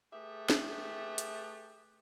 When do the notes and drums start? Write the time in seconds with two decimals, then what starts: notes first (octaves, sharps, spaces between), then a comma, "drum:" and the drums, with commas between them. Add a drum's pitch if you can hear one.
0.11 A3 G4 G#4 B4 E5
0.50 drum: snare
1.18 drum: hi-hat